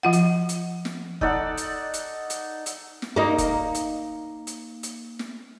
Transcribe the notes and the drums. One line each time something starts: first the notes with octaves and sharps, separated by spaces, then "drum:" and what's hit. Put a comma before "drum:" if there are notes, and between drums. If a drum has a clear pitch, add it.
F3 F4 F#5
drum: hi-hat
drum: hi-hat
drum: snare
D#4 A4 D5 F#5, drum: kick F1
drum: hi-hat
drum: hi-hat
drum: hi-hat
drum: hi-hat
drum: snare
A#3 D#4
drum: kick F1, hi-hat
drum: hi-hat
drum: hi-hat
drum: hi-hat
drum: snare